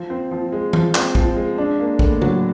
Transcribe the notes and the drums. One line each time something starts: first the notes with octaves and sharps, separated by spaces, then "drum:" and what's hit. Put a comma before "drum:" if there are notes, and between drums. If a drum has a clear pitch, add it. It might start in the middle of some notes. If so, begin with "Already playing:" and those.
Already playing: F3
C4
F3
G#3
F3, drum: tom
C4, drum: clap
F3, drum: kick
G#3
D4
A#3
A2, drum: kick
F#3, drum: tom